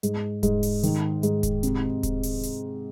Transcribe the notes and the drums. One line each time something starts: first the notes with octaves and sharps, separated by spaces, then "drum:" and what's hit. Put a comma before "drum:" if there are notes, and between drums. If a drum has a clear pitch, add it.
G#2, drum: hi-hat
G#2, drum: kick D#1, hi-hat
drum: open hi-hat
D#3, drum: hi-hat
G#2, drum: hi-hat
drum: kick D#1, hi-hat
C3, drum: hi-hat
drum: kick D#1, hi-hat
drum: open hi-hat
drum: hi-hat